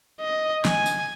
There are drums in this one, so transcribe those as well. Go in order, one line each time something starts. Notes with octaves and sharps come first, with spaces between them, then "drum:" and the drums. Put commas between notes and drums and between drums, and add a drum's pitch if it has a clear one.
D#5
G#5, drum: snare
drum: tambourine